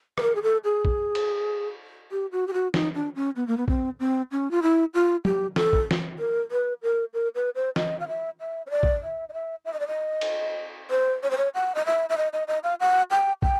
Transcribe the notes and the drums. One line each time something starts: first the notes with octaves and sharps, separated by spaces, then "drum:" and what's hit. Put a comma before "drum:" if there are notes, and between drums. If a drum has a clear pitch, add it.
B4, drum: rim click
A#4
G#4
A4
G#4
drum: kick
drum: cymbal
G4
F#4
G4
F#4
D#4, drum: snare
D4
C#4
B3
A#3
B3
C4, drum: kick
C4
C#4
F4
E4
F4
G4, drum: tom
A4, drum: snare
drum: kick
drum: snare
A#4
B4
A#4
A#4
B4
C5
D#5, drum: snare
F5
E5
E5
C#5
D5
drum: kick
E5
D#5
E5
E5
D#5
D5
D#5
drum: cymbal
C5
C#5
C5
C#5
F#5
D#5
E5
E5
D#5
D#5
D#5
F5
F#5
G5
G5, drum: kick